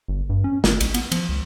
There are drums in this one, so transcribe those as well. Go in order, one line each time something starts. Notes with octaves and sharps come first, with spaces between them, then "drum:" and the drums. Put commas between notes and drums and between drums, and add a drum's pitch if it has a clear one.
G1
G2
C#4
G#1, drum: snare
B1, drum: cymbal
B3, drum: cymbal
F3, drum: cymbal
C#2